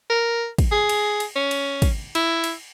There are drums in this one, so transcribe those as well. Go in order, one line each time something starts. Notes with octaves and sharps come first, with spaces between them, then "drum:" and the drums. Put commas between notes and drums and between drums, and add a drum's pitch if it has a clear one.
A#4
drum: kick, cymbal
G#4
drum: cymbal
drum: cymbal
C#4
drum: cymbal
drum: kick, cymbal
E4, drum: cymbal
drum: cymbal